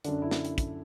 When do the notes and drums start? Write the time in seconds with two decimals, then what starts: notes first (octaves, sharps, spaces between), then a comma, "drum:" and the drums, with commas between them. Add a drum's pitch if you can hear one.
0.04 F#2 D3 D4, drum: hi-hat
0.22 E4
0.31 drum: snare
0.45 drum: hi-hat
0.58 drum: kick, hi-hat